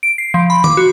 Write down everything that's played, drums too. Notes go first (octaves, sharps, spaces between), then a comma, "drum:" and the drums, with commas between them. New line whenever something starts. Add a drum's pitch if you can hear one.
D7
C7
F3
B5
D6, drum: tom D#3
F#4